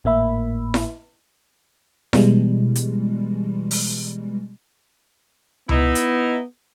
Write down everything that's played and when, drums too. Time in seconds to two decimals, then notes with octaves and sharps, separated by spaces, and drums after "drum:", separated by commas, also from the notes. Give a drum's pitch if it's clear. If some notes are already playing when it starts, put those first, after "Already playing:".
0.04 G#1 A2 A#3 E5 B5
0.74 drum: snare E4
2.13 B2 E3 G3 G#3, drum: snare E4
2.75 drum: hi-hat
3.71 drum: open hi-hat
5.69 B3 D#4 E4, drum: tom C#2
5.95 drum: hi-hat